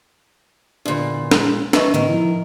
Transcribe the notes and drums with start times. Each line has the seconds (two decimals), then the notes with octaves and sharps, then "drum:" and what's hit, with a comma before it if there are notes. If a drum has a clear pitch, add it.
0.86 E2 A#2 D3 D4
1.31 G#3, drum: snare D4
1.73 D#3 B4 E5 C#6, drum: snare D4
1.94 A2 D3 D#3 B3 A#4
2.09 F3 E4